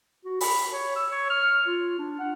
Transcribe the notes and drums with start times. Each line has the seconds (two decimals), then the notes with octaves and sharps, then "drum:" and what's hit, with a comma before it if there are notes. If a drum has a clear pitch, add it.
0.25 F#4
0.41 B5, drum: open hi-hat
0.72 C#5
0.96 E6
1.11 C#5
1.30 F6
1.67 F4
1.98 D4
2.19 F#5